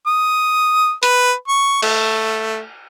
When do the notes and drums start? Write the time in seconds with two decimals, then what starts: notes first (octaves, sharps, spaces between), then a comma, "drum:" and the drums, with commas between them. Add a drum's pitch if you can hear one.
0.06 D#6
1.03 B4, drum: hi-hat
1.48 C#6
1.82 A3, drum: cymbal